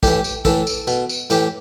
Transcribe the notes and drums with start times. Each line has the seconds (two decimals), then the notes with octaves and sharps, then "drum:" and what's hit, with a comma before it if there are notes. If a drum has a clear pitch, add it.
0.03 A2 E3 G4, drum: kick, tambourine
0.24 drum: tambourine
0.45 A2 E3 A4, drum: kick, tambourine
0.67 drum: tambourine
0.87 B2, drum: tambourine
1.09 drum: tambourine
1.30 A2 E3 G4, drum: tambourine